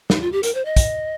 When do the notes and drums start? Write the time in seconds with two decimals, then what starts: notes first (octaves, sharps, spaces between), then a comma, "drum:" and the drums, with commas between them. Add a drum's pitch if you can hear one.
0.10 D#4, drum: snare
0.21 F4
0.32 G4
0.43 A#4, drum: hi-hat
0.55 C5
0.65 D#5
0.76 drum: kick, hi-hat